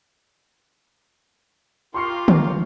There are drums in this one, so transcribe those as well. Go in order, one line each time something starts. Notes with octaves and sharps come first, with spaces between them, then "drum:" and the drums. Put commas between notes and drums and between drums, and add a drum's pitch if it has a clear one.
F4 G4 A#4 F5 C6 C#6 C7
drum: tom